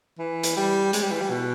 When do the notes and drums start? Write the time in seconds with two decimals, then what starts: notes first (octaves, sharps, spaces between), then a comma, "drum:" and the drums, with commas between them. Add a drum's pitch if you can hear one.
0.19 E3
0.43 drum: hi-hat
0.56 G3
0.93 G#3, drum: hi-hat
1.02 G3
1.11 E3
1.21 G3
1.30 B2